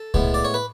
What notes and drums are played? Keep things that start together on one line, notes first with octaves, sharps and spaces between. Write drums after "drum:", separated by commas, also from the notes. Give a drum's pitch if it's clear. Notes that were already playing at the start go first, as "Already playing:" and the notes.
Already playing: A4
A2 G#3 B3, drum: kick C2
D5
C#5
B4